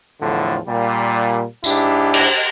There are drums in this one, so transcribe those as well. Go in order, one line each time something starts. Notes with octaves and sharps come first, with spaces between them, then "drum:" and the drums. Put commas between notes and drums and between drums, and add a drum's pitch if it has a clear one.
E2 A2 D3 F3
A#2 G3
G#2 D4 E4 G4, drum: tambourine
drum: cymbal